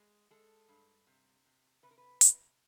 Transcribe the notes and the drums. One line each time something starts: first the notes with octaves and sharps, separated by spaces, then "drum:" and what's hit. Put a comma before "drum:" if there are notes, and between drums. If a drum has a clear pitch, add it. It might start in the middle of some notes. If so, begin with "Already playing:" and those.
Already playing: G#3
G#3 A4
G2
C3
C3
C3 B4
A#4
B4
C3, drum: hi-hat